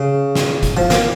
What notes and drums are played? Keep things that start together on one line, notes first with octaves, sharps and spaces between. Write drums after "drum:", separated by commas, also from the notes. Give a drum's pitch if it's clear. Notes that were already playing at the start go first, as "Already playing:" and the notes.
Already playing: C#3
drum: snare
drum: kick F#1, hi-hat
F3
A#3, drum: snare